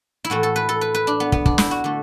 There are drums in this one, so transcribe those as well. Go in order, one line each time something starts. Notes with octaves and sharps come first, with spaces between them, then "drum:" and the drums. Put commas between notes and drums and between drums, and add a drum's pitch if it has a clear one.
E4
A2 E3 A3 F#4
A4
B4
A4
B4
B4
D4
B3
B3, drum: kick
D4, drum: kick
E4, drum: snare
F#4
D3 A3